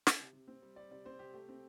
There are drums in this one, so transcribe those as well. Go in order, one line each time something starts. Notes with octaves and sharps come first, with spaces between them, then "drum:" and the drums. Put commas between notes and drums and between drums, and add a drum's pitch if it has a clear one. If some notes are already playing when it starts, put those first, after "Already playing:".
drum: snare
C3
C3
C4
G3
G3 D5
C3 D5
C4 C5
C3 G4
A3 G4
C4